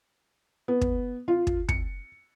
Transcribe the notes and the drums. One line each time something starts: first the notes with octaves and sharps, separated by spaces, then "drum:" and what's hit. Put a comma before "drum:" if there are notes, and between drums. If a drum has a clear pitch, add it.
B3
drum: kick
F4
drum: kick
C#7, drum: kick